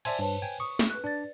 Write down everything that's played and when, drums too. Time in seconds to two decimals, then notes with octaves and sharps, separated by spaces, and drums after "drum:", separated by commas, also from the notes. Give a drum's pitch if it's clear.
0.05 C5 D5 E5 G#5 A5 C6, drum: cymbal
0.19 G2 B4 C#5 A5
0.42 G5 G#5
0.60 C#6 D#6
0.79 drum: snare
0.90 B4 F#6
1.04 D4 D5 A6